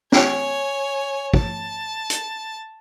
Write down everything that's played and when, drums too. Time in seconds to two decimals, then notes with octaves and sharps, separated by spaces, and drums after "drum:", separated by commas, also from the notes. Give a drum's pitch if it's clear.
0.12 C#5 G#5, drum: snare
1.34 A5, drum: kick
2.10 drum: hi-hat